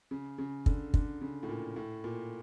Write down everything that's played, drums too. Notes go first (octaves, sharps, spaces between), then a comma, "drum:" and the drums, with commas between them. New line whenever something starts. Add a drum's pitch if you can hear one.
C#3
C#3
D3, drum: kick
D3, drum: kick
C#3
A2
A#2
A2
A#2